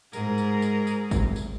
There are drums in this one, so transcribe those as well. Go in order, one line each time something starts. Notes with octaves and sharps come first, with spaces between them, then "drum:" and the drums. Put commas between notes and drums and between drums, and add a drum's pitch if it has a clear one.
G#2 G#4 A#4, drum: tambourine
drum: tambourine
drum: tambourine
drum: tambourine
drum: kick G#1, tambourine
drum: tambourine